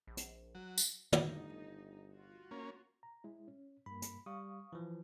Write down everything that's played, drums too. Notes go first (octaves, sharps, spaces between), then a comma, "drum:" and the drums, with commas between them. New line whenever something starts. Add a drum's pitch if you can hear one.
A#1
drum: hi-hat
F#3
drum: tambourine
G1 A3 D#4, drum: tom
F4 F#4
A#3 C#4
A#5
G#3 E4
C#4
G2 A#3 B5
drum: hi-hat
G3 F5 C#6 D#6
E3 F3